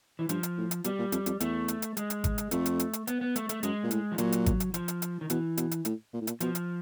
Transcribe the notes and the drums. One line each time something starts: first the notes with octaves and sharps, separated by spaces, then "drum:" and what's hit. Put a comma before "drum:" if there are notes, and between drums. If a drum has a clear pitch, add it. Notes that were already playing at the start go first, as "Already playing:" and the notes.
E3
G2 F3, drum: hi-hat
drum: hi-hat
A2
drum: hi-hat
B2 G3, drum: hi-hat
A#2
F2, drum: hi-hat
F2, drum: hi-hat
E2 A3, drum: hi-hat
drum: hi-hat
drum: hi-hat
G#3, drum: hi-hat
drum: hi-hat
drum: kick G#1, hi-hat
drum: hi-hat
F2 A3, drum: hi-hat
drum: hi-hat
drum: hi-hat
drum: hi-hat
B3, drum: hi-hat
B3
A3, drum: hi-hat
A3, drum: hi-hat
F#2 G#3, drum: hi-hat
A#2
A2, drum: hi-hat
F3
A#2 F#3, drum: hi-hat
drum: hi-hat
drum: kick G#1, hi-hat
drum: hi-hat
F3, drum: hi-hat
drum: hi-hat
drum: hi-hat
D#3
B2 E3, drum: hi-hat
B2, drum: hi-hat
drum: hi-hat
A2, drum: hi-hat
A#2
A2
A#2, drum: hi-hat
B2 F3, drum: hi-hat
drum: hi-hat